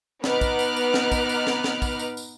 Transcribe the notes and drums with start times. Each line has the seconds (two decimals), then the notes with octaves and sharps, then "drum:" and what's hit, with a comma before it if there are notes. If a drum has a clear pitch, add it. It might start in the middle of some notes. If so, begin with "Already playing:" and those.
0.24 B3 D#4 B4 D6 F6 F#6, drum: snare
0.41 drum: kick, tambourine
0.59 drum: tambourine
0.76 drum: tambourine
0.94 drum: snare
1.12 drum: kick, tambourine
1.29 drum: tambourine
1.47 drum: snare
1.64 drum: snare
1.82 drum: kick, tambourine
1.99 drum: tambourine
2.17 drum: tambourine